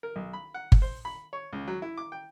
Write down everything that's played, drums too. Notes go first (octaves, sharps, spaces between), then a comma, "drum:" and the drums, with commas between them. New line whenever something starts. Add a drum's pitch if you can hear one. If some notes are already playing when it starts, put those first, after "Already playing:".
A#4
B1
B5
F#5
drum: kick G1
C5
B5
C#5
C#2
F#3
E4
D6
G5